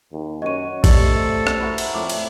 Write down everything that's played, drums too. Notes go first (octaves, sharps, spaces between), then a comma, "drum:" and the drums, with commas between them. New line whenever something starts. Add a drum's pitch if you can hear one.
D#2
F#2 F#4 C#5 D#5 D#7
C3 A3 G4 A4 D5, drum: kick, cymbal
drum: rim click
E4 F#4 A#4
drum: cymbal
F2 A2 D5 D6
drum: cymbal